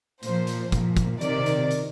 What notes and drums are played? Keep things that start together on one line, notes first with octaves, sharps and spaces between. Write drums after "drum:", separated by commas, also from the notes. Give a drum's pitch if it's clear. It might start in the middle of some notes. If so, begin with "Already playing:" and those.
A#2 F3 C5, drum: hi-hat
drum: hi-hat
A#2 F3, drum: kick, hi-hat
drum: kick, hi-hat
C3 D#3 D5, drum: hi-hat
drum: hi-hat
drum: hi-hat